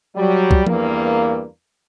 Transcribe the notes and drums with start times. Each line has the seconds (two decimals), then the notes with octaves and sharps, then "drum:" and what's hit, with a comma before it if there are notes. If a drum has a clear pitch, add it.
0.16 F#3 G3
0.51 drum: kick
0.67 E2 G2 A#3, drum: tom F3